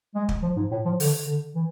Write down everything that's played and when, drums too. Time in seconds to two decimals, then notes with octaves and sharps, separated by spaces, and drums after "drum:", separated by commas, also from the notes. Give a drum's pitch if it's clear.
0.15 G#3
0.29 drum: kick
0.43 F3
0.57 G#2
0.71 A2
0.85 F3
1.00 D3, drum: open hi-hat
1.27 D3
1.55 E3